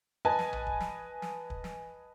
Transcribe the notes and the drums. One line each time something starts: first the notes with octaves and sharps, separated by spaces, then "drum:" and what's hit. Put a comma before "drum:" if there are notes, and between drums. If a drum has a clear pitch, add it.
B4 D#5 G#5 A5
drum: snare
drum: tom A#1
drum: kick
drum: snare
drum: snare
drum: kick
drum: snare